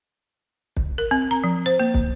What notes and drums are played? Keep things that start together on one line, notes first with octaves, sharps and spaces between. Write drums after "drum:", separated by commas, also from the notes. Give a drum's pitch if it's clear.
drum: kick
A#4
C4
A#5
F3
C5
A#3
drum: kick